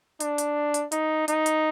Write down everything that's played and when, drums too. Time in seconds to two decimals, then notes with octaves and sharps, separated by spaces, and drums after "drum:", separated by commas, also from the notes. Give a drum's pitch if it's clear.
0.20 D4, drum: hi-hat
0.38 drum: hi-hat
0.74 drum: hi-hat
0.92 D#4, drum: hi-hat
1.28 D#4, drum: hi-hat
1.46 drum: hi-hat